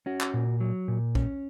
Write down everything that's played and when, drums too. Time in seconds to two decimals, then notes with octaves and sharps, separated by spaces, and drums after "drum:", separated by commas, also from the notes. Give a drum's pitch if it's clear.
0.06 C#4 F#4
0.21 drum: clap
0.34 A#2
0.60 F#3
0.88 A#2
1.15 C#4, drum: kick